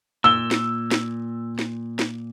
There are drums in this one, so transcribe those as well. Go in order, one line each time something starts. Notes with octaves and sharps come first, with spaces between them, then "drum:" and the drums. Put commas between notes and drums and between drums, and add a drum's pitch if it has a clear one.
A#2 E6 G7
drum: snare
drum: snare
drum: snare
drum: snare